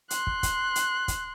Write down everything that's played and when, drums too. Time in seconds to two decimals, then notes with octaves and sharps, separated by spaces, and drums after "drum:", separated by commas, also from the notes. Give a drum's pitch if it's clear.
0.10 C6 F#6, drum: hi-hat
0.27 drum: kick
0.43 drum: kick, hi-hat
0.76 drum: hi-hat
1.08 drum: kick, hi-hat